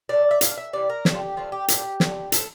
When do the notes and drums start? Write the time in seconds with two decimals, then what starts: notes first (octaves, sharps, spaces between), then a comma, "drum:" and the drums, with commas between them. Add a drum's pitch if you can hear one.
0.09 A#2 A3 D5
0.31 E5
0.41 D3 A3 F5, drum: hi-hat
0.58 E5
0.73 C3 E3 G3 D5
0.90 A#4
1.05 A2 G3 A4, drum: snare
1.15 F4
1.22 G4
1.37 D3 F3 A3 F4
1.52 G4
1.68 A#2 F3 A3 G4, drum: hi-hat
2.00 D3 A3, drum: snare
2.32 A2 F3 A3 A4, drum: hi-hat